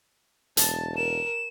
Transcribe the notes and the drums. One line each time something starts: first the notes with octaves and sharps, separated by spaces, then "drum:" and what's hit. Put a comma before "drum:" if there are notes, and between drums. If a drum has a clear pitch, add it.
E1 A5, drum: hi-hat
A#4 E7